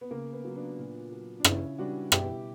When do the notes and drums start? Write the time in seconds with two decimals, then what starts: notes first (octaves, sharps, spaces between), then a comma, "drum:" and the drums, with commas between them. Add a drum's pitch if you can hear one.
0.01 B3
0.11 C#3 A#3
0.33 B3
0.45 F#3
0.55 B3 D4
0.78 A#2
1.12 F#3
1.40 D4
1.44 C#3 C#4 E4, drum: rim click
1.78 E3 G3 D4 F#4
2.12 B2 E4 G4, drum: rim click